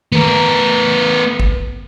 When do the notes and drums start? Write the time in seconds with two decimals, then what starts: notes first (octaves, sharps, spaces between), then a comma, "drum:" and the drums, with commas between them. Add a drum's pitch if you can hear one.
0.12 B3 A#4, drum: tom D#3
1.40 drum: kick